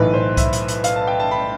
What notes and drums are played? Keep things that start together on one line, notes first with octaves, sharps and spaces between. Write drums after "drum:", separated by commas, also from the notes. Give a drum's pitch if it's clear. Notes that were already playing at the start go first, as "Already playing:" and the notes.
Already playing: B1 A2 E3 B4
C5
E5, drum: kick C2, hi-hat
drum: hi-hat
drum: hi-hat
F5, drum: hi-hat
A5
G5
A5
B5